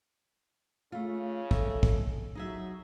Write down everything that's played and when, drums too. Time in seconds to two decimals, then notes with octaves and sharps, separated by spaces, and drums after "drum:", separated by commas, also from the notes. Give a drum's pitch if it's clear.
0.92 C#3 A3 F4
1.51 A4 D#5 E5, drum: kick
1.83 drum: kick
2.35 F#3 D#4 G#4 E5